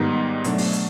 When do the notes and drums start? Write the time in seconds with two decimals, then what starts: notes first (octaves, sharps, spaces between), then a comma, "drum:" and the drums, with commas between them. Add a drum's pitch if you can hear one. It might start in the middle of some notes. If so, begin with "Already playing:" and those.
Already playing: G#2 D#3 G3 B3 D#4
0.44 B2 F#3 A3 D4, drum: hi-hat
0.58 drum: open hi-hat
0.73 drum: hi-hat